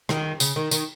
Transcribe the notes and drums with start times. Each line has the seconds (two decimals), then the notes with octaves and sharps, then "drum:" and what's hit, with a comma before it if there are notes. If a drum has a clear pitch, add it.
0.09 D#3, drum: rim click
0.40 C#3, drum: tambourine
0.56 D#3
0.71 D#3, drum: tambourine